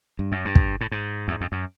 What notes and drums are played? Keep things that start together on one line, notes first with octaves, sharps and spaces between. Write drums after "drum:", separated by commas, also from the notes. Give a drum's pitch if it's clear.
G2
F#2
G2
drum: kick
A2
G#2
E2
F2
F#2